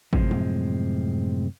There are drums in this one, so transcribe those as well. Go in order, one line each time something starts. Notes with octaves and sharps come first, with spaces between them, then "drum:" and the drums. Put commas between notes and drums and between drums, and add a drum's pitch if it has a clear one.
F#2 A2 C3 F3 G#3 C4, drum: kick G#1
drum: tom G#3